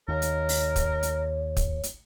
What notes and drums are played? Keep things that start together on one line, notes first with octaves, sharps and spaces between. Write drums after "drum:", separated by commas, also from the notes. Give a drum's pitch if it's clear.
D#2 A#4 C#5
drum: hi-hat
drum: open hi-hat
drum: kick, hi-hat
drum: hi-hat
drum: kick, hi-hat
drum: hi-hat